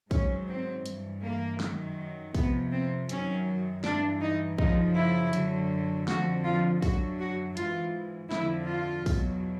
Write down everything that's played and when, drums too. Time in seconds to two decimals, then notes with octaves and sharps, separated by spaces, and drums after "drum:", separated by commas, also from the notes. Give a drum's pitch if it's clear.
0.11 G#2 D#3 F#3 C#4, drum: kick, open hi-hat
0.48 C4
0.86 G2 E3, drum: hi-hat
1.23 A#3
1.60 F#2 D#3 F#3, drum: snare
2.35 F2 C3 F3 B3, drum: kick, open hi-hat
2.72 C4
3.09 F#2 D#3 F#3 C#4, drum: hi-hat
3.84 G2 E3 D4, drum: snare
4.21 D#4
4.58 F#2 C#3 F3 D#4, drum: kick
4.96 E4
5.33 F#2 D3 F#3, drum: hi-hat
6.08 F2 D3 F3 F#4, drum: snare
6.45 F4
6.82 F#2 D3 F#3 F#4, drum: kick, open hi-hat
7.20 F#4
7.57 G#2 E3 F4, drum: hi-hat
8.31 F2 D3 F3 E4, drum: snare
8.69 F4
9.06 E2 B2 F#3, drum: kick, open hi-hat